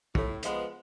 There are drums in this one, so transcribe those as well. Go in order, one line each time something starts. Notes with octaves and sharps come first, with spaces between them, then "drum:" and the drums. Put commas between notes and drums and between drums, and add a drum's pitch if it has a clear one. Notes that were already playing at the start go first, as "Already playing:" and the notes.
A2, drum: kick
F3 G#3 B3, drum: hi-hat